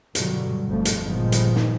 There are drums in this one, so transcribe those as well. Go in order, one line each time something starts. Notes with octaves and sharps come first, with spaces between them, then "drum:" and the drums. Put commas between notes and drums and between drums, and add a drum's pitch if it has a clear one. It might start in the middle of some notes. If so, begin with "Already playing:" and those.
G2 B2 D3 F#3 G3, drum: hi-hat
G1 F2 G#2 F3 A3
drum: hi-hat
G1 A#2 D#3 F3 G#3 B3
drum: hi-hat
drum: snare